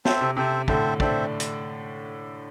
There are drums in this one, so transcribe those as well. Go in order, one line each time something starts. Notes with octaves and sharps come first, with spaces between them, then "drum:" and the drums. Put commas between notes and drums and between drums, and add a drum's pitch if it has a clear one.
C4 A4 C5 E5, drum: snare
C3
C3 C4 A4 C5 E5
A2 D3 C4 A4 C5 E5, drum: kick
A3 C4 D4 A4 C5 E5, drum: kick
drum: hi-hat